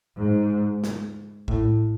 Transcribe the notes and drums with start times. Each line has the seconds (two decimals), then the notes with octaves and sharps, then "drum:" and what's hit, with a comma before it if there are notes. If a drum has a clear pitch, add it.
0.17 G#2
0.84 drum: snare
1.48 A2, drum: kick A1